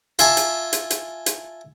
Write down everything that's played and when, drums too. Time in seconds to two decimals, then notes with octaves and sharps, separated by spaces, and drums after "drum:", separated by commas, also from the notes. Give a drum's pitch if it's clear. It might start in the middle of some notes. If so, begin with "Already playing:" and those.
0.19 F4 E5 G#5 A5 D6, drum: hi-hat
0.37 drum: hi-hat
0.73 drum: hi-hat
0.90 drum: hi-hat
1.26 drum: hi-hat